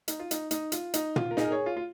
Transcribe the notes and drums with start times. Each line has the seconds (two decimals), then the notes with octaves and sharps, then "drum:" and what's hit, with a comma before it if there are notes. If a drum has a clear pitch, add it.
0.08 D#4, drum: hi-hat
0.19 F4
0.31 D#4, drum: hi-hat
0.51 D#4, drum: hi-hat
0.72 F4, drum: hi-hat
0.94 D#4, drum: hi-hat
1.16 F4, drum: tom
1.31 A#4
1.37 D#4 G#4, drum: snare
1.44 A#4
1.51 G#4 C#5
1.66 F4
1.77 F4